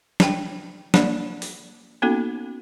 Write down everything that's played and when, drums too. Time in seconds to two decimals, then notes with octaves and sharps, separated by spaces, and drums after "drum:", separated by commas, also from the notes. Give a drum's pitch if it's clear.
0.20 D4 G5, drum: snare
0.94 A#3 D4 D5, drum: snare
1.42 drum: open hi-hat
2.02 A#3 B3 C#4 D#4 F#4 A4